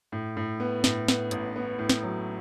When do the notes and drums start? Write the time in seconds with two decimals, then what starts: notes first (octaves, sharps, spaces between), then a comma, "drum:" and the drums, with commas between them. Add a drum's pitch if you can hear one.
0.12 A2
0.37 A2
0.60 B3
0.84 A2, drum: snare
1.08 B3, drum: snare
1.31 A1, drum: hi-hat
1.56 B3
1.79 A2
1.89 drum: snare
2.03 F#3